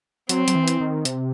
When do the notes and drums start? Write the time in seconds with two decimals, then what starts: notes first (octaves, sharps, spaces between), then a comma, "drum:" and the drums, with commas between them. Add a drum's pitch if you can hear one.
0.29 F#3 C4, drum: hi-hat
0.48 F#3, drum: hi-hat
0.55 E3
0.68 drum: hi-hat
0.80 D#3
1.05 C3, drum: hi-hat